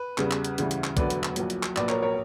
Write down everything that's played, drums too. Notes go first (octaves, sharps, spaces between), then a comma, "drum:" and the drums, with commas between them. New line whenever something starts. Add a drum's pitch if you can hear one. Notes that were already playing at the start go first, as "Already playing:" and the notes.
Already playing: B4
E2 C#3 G3, drum: clap
drum: clap
drum: hi-hat
D2 C#3 E3 G3, drum: hi-hat
drum: hi-hat
drum: clap
E1 D2 D3 F#3 B4 D5, drum: kick, hi-hat
drum: hi-hat
drum: clap
A#1 A#2 F#3, drum: hi-hat
drum: hi-hat
drum: clap
A#1 A#2 F#3 B4 D5, drum: clap
A#4 C#5, drum: clap
A#4 C#5